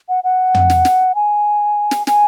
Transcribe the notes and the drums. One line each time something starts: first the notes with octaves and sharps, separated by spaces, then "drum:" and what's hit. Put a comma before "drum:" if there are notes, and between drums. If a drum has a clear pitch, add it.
F#5
F#5
drum: tom
drum: snare
drum: snare
G#5
drum: snare
G#5, drum: snare